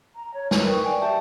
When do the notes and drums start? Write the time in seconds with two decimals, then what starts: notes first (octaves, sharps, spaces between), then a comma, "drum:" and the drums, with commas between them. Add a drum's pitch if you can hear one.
0.15 A#5
0.33 C#5
0.51 A#4 B4, drum: snare
0.66 D#4 G5 C#6
0.83 D5 G5 G#5
1.00 G4 E5 A5